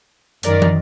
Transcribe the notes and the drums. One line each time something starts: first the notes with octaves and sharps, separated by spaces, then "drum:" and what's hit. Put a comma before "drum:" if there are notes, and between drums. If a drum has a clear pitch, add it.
F#2 D#3 A#4 D5, drum: hi-hat
drum: tom